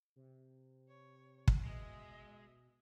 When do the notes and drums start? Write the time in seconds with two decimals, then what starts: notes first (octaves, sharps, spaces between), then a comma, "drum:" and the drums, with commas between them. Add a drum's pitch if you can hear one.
0.16 C3
0.88 C#5
1.48 drum: kick
1.65 B2 G#3 D#5 E5